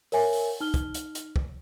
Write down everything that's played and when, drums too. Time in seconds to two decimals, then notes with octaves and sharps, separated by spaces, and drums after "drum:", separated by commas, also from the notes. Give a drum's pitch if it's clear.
0.12 A#4 C#5 E5 G#5, drum: open hi-hat
0.33 drum: open hi-hat
0.60 D#4 F6 G7
0.74 drum: kick, hi-hat
0.94 drum: hi-hat
1.15 drum: hi-hat
1.36 drum: kick